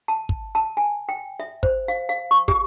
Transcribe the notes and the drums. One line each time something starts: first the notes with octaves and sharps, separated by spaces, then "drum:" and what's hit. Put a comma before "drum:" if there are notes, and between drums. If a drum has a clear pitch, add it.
A5
drum: kick
A5
G#5
G5
E5
C5, drum: kick
F5
F5
C#6
G4, drum: kick